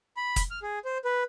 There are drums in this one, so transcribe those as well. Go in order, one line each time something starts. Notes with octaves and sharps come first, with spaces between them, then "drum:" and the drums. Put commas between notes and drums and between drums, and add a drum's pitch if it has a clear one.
B5
drum: kick, hi-hat
F6
G#4
C5
B4